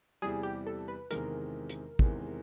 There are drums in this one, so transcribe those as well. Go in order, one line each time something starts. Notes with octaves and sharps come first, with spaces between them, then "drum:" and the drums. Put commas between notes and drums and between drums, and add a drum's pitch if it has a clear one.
E2 C3 E3 G3 G#4
G4
A4
B4
E2 C3 D#3 G#3 A#4, drum: hi-hat
drum: hi-hat
E2 C3 D#3 G#3, drum: kick